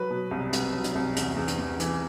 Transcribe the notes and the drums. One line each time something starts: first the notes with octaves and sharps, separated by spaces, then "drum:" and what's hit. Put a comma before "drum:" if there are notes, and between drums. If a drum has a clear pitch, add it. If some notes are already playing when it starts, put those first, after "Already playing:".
Already playing: F#3 B4
B2
C2
C2, drum: hi-hat
F#3
drum: hi-hat
C2
E2, drum: hi-hat
E2
drum: hi-hat
E2
E3, drum: hi-hat